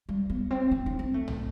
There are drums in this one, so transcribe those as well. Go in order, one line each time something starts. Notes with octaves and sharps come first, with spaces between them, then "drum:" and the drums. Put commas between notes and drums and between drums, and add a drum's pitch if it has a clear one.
G3
B3
C4
C4
D4
C4
A3
drum: tom